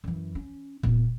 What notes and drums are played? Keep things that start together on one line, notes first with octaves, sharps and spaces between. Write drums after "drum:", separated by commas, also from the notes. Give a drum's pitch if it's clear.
F#2 E3
C#4
A#2 B3, drum: kick D#1